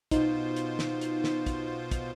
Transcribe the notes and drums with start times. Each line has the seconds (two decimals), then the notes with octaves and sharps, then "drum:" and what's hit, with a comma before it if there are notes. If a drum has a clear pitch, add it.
0.11 B2 D#4 F4 C5, drum: kick, hi-hat
0.56 drum: hi-hat
0.79 drum: snare
1.01 drum: hi-hat
1.24 drum: snare
1.46 drum: kick, hi-hat
1.91 drum: kick, hi-hat